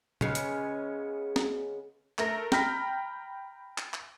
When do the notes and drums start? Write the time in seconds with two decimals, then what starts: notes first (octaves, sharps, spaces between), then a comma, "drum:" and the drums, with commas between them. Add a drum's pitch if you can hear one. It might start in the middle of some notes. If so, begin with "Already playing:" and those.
0.21 C#3 G#3 B3 C#4, drum: tom A#2
0.35 drum: hi-hat
1.36 drum: snare
2.18 A3 A#4 A#6, drum: clap
2.52 G5 A#5 B5 F6 A#6 B6, drum: snare
3.78 drum: clap
3.94 drum: clap